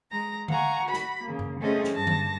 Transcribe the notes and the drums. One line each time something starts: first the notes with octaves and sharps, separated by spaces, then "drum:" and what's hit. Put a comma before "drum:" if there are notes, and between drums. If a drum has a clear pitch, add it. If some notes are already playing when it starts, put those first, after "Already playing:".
G#3 A#5 A#6
F5 F#5 G#5 A#5 C#6, drum: tom D3
F#4 B5
drum: snare
C#3 A#3
drum: tom F#2
A3 C4 C#4 G#4 A4 D#5
drum: snare
G2 A5 A#6
drum: tom D3